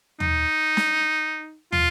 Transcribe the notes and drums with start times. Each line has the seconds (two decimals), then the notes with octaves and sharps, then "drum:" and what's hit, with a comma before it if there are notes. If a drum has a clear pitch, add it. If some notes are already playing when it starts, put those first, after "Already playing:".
0.20 D#4, drum: tom
0.77 drum: snare
1.72 F4, drum: tom